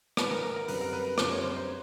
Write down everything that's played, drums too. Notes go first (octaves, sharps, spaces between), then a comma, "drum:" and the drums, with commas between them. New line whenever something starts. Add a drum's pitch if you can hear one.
G#2 D#3 G#3 B4, drum: rim click
A#4
A#4
A#4
F#2 D3 G3 C4 B4, drum: open hi-hat
A#4
B4
F#2 D3 G3 C4 C5, drum: rim click
C#5
C5
C5